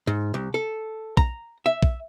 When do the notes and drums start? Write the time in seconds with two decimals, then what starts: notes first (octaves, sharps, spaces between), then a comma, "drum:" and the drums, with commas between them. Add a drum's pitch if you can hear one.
0.07 G#2
0.34 C2
0.54 A4
1.17 A#5, drum: kick
1.66 E5
1.83 drum: kick